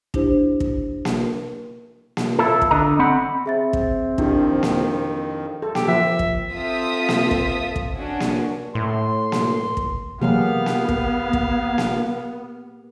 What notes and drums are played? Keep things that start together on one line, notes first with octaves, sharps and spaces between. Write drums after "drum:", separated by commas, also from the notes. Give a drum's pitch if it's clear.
D4 E4 G4 C5, drum: kick
drum: kick
drum: snare A#3
drum: snare A#3
E4 F4 A4
drum: kick
D3 D#5 A#5
C4 F#5 B5
C4 G#4 E5 A6
drum: kick
F2 D#3 D4 E4 G4, drum: kick
drum: snare A#3
A4
G4, drum: snare A#3
F3 E5
drum: kick
C4 F4 A4 E5 D#6 B6
drum: snare A#3
drum: kick
drum: kick
C#4 D4 F#4
drum: snare A#3
A2 C6
drum: snare A#3
drum: kick
C3 E3 F#3 A#3 B3 G4 G#4 F5
drum: snare A#3
drum: kick
drum: kick
drum: snare A#3